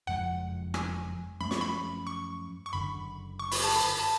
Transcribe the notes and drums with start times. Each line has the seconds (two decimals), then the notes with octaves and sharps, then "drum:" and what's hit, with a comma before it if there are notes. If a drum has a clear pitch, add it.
0.07 F#1 F2 F3 G#3 F#5
0.74 G#5, drum: rim click
1.41 F#2 F3 A3 C#4 B5
1.51 C#6, drum: snare
1.61 B5
2.07 C#6
2.66 C#6
2.73 F#1 F#2 D3 B5
3.39 C#6
3.51 B5, drum: open hi-hat
3.64 A5
3.76 B5
3.99 A5